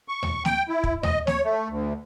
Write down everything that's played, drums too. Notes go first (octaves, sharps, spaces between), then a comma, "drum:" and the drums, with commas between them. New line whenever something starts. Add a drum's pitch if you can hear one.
C#6
drum: tom D#2
G5, drum: snare
E4
drum: kick
D#5, drum: tom D#2
C#5, drum: snare
A3
D2